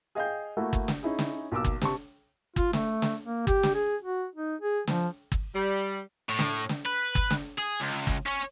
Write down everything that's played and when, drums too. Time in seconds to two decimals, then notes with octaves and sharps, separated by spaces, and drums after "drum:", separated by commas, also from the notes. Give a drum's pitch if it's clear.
0.15 G#4 D#5 F5 G5 G6
0.57 A3 A#3 E4 F#4 A4
0.73 drum: kick G1
0.88 drum: snare
1.03 C#4 D#4 E4 G#4
1.19 drum: snare
1.52 B1 A#3 D6 E6
1.64 drum: kick G1
1.81 C3 A5 C#6, drum: snare
2.56 F4, drum: kick G1
2.73 A3, drum: snare
3.02 drum: snare
3.24 A#3
3.47 G4, drum: kick G1
3.63 drum: snare
3.75 G#4
4.02 F#4
4.36 D#4
4.62 G#4
4.87 F3, drum: snare
5.32 drum: kick G1
5.54 G3
6.29 A2
6.39 drum: snare
6.69 drum: snare
6.86 B4
7.15 drum: kick G1
7.30 drum: snare
7.59 G#4
7.81 C#2
8.07 drum: kick G1
8.26 C#4 C#5